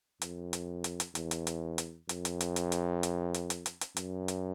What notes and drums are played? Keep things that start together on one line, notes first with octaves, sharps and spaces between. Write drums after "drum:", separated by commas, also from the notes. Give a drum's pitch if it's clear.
F2, drum: hi-hat
drum: hi-hat
drum: hi-hat
drum: hi-hat
E2, drum: hi-hat
drum: hi-hat
drum: hi-hat
drum: hi-hat
F2, drum: hi-hat
drum: hi-hat
drum: hi-hat
drum: hi-hat
drum: hi-hat
drum: hi-hat
drum: hi-hat
drum: hi-hat
drum: hi-hat
drum: hi-hat
F#2, drum: hi-hat
drum: hi-hat